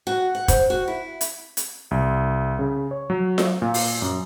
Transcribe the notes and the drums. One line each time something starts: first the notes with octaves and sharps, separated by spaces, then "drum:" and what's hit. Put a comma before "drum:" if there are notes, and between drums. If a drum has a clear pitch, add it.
F#4
F#5
C5, drum: kick, hi-hat
F#4
E4
drum: hi-hat
drum: hi-hat
C2
C#3
C#5
F#3
drum: snare F4
A#2
drum: open hi-hat
F#2